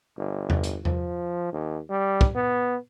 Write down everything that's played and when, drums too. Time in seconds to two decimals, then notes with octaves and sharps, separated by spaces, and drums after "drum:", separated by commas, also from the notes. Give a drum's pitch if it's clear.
0.17 G1
0.50 drum: tom E2
0.64 drum: hi-hat
0.85 F3, drum: tom E2
1.53 D#2
1.90 G3
2.21 drum: kick
2.35 B3